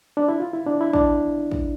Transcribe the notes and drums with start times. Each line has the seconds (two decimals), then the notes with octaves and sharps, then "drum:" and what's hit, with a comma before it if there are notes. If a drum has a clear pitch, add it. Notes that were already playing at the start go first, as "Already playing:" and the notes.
0.17 D4
0.28 E4
0.40 F4
0.53 E4
0.66 D4
0.81 E4
0.93 D4, drum: kick
1.51 drum: kick